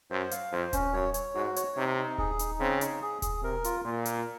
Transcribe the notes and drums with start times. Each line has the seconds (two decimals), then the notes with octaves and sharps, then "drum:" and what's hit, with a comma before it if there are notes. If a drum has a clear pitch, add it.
0.11 F#2 C5
0.31 F5, drum: hi-hat
0.52 F2 C5
0.73 C#4, drum: kick D#1, hi-hat
0.93 F#2 C#5
1.14 C#5, drum: hi-hat
1.35 G#2 F#4
1.56 C#5, drum: hi-hat
1.77 C3 D#4
1.98 D#4
2.18 G#4, drum: kick D#1
2.39 D#4, drum: hi-hat
2.60 C#3 C4
2.81 D#4, drum: hi-hat
3.02 G#4
3.22 G#4, drum: kick D#1, hi-hat
3.43 C3 A#4
3.64 F4, drum: hi-hat
3.84 A#2 F4
4.05 A#4, drum: hi-hat